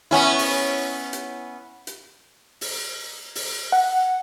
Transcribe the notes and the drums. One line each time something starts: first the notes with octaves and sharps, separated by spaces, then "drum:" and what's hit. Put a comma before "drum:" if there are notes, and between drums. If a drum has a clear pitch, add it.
B3 C#4 E4
drum: open hi-hat
drum: hi-hat
drum: hi-hat
drum: open hi-hat
drum: open hi-hat
F#5